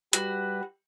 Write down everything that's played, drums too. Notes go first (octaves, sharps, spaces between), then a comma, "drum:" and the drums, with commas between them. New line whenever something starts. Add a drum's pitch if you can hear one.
G3 F#4 G4 B4, drum: hi-hat